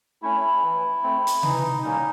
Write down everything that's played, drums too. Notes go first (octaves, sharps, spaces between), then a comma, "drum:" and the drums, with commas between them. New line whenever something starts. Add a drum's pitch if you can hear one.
A3 C#4 E4
E3
A3 C4
drum: hi-hat
E3 D#4, drum: tom C3
G3 A#3 C#4 D#4